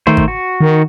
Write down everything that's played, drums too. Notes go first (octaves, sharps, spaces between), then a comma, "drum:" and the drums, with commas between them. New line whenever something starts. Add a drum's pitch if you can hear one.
D#3 A3 C5
drum: kick G#1
F#4
D#3